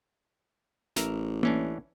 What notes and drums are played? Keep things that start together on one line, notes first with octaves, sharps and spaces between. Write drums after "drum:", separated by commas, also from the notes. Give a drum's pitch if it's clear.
A1 A#4 E5 A#5, drum: snare
E3 C#4 D4, drum: tom A#3